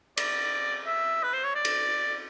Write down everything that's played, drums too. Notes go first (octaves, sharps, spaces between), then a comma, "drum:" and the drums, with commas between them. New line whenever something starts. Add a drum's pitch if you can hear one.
D5, drum: cymbal
E5
B4
C5
C#5
D5
drum: cymbal